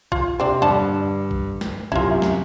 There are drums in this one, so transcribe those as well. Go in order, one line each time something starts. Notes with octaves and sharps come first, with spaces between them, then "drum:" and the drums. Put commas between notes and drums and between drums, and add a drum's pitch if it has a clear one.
F4, drum: kick A#1
C3 C4 D4
G2 D3 D4 A5
drum: kick A#1
drum: snare
F#2 C3 E4 F4, drum: kick A#1
drum: snare